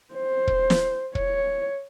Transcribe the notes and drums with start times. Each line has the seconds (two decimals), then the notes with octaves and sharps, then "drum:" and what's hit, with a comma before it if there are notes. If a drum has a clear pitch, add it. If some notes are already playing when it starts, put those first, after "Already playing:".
0.14 C5
0.47 drum: kick
0.70 drum: snare
1.15 C#5, drum: kick